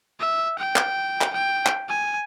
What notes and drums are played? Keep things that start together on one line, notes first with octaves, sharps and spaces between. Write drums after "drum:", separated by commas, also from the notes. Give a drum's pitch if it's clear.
E5
G5
drum: clap
drum: clap
G5
drum: clap
G#5